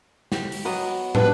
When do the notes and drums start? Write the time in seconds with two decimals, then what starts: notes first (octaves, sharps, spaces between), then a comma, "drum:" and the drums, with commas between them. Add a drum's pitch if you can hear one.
0.32 G4, drum: snare
0.52 drum: open hi-hat
0.65 F#3 B3 D#5
1.15 G2 D4 B4, drum: tom